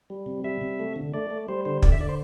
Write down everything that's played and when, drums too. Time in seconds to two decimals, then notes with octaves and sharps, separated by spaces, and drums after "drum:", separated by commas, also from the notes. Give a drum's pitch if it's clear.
0.10 G3
0.26 C3
0.44 G3 E5
0.61 C3
0.79 A3
0.96 D3
1.14 A3 D5
1.30 A3
1.48 G3 C5
1.65 D3 C5
1.82 D3 D5, drum: kick
1.92 E5
2.00 D3 D5
2.09 C5